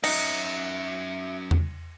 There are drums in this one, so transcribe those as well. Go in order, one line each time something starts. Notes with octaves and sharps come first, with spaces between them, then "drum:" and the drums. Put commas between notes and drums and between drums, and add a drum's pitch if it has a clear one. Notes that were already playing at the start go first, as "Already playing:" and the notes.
F#3 C#4 D#4 E5 A#6 C#7, drum: cymbal
drum: tom E2